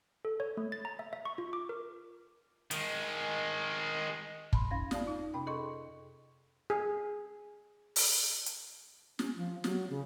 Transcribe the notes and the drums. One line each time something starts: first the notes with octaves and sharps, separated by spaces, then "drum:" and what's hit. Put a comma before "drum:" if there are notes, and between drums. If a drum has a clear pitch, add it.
A4
C#5
A3
A6
A#5
E5
E5
C#6
F4
D6
A#4
D#3 G#3, drum: hi-hat
A5 B5 C6, drum: kick
F2 C#4 A#6
F4 D5 F5 A5, drum: snare
D#4
C3 C#4 G5 B5
G#4 A4 D#5 C6 C#6
G#4
drum: open hi-hat
drum: hi-hat
C#4, drum: snare
F3
F#3, drum: snare
C#3